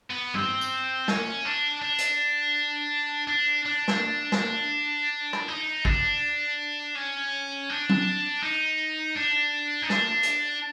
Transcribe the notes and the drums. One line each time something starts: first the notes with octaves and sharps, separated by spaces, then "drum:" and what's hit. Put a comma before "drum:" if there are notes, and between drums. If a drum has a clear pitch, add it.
B3
C4, drum: tom
drum: tambourine
C#4, drum: snare
D4
D4
drum: hi-hat
D4
D4
drum: snare
drum: snare
drum: rim click
D#4
D4, drum: kick
C#4
D4
drum: tom F#3
D#4
D4
D#4
D4, drum: snare
drum: hi-hat